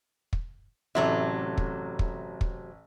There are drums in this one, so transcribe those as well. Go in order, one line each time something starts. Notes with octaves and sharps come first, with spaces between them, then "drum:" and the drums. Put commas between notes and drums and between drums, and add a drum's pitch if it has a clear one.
drum: kick
A1 C3 F#3 A3 E5
drum: kick
drum: kick
drum: kick